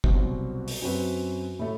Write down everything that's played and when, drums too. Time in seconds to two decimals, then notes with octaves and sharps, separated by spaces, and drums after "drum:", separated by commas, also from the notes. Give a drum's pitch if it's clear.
0.04 C2 B2 F#3 C4 F#4, drum: kick
0.68 drum: open hi-hat
0.82 F#2 F#3 C4 F#4 B4
1.59 A2 F#3 A3